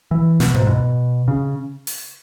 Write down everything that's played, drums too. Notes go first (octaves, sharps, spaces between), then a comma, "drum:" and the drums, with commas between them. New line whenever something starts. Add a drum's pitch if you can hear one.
E3
B2, drum: snare
G#2, drum: tom A2
B2
C#3
drum: open hi-hat